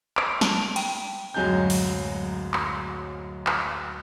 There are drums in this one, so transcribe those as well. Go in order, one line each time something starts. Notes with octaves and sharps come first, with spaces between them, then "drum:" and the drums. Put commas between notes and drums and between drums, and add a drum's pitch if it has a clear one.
D7, drum: clap
A5, drum: snare
G5, drum: cymbal
D1 F#2 F#3 G#3 G#5 G6
drum: open hi-hat
drum: clap
drum: clap